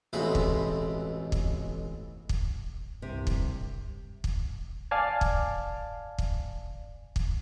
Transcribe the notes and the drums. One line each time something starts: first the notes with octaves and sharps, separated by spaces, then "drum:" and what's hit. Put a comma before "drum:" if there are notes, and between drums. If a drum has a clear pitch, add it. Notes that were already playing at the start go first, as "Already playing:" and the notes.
A1 F2 B2 G#3 E5 B5
drum: kick
drum: kick
drum: kick
C2 G2 C3
drum: kick
drum: kick
D5 F5 G#5 A5
drum: kick
drum: kick
drum: kick